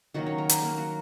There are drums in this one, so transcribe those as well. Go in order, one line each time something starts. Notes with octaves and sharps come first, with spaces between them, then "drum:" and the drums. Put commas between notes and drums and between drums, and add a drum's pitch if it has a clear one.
D#3 F#3 A#3 F#4 F#5
C#4 C#5
A#4 A#5
drum: hi-hat
A#3 A#4
F#3 F#4